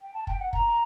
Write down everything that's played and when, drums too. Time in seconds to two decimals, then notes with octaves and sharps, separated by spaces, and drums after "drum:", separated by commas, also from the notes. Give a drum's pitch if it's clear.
0.02 G5
0.14 A5
0.27 G5, drum: kick
0.40 F#5
0.53 A#5, drum: kick